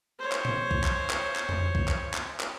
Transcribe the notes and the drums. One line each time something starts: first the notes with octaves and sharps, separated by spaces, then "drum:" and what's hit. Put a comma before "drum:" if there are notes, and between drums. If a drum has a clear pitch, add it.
C5 C#5
drum: clap
drum: tom A2
drum: kick B1
drum: clap
drum: clap
drum: clap
drum: tom F2
drum: kick B1
drum: clap
drum: clap
drum: clap